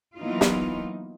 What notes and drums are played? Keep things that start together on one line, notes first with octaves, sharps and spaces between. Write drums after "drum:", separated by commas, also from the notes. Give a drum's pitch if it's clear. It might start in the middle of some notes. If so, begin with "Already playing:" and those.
E3 F#3 A#3 B3 D#4 F4
drum: snare